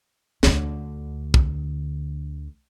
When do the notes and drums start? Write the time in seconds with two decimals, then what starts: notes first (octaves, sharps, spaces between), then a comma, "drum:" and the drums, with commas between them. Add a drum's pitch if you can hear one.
0.43 D2 D3, drum: snare
1.34 drum: kick